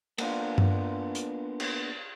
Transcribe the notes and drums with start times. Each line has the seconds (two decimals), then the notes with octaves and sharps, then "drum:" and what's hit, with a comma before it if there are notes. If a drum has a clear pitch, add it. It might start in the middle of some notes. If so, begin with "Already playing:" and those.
0.18 A#3 B3 D4 F4, drum: cymbal
0.58 drum: tom G2
1.15 drum: hi-hat
1.60 drum: cymbal